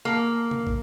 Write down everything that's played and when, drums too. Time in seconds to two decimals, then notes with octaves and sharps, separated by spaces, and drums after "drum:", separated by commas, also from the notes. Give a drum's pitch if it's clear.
0.05 A#3
0.51 drum: tom C3
0.67 drum: kick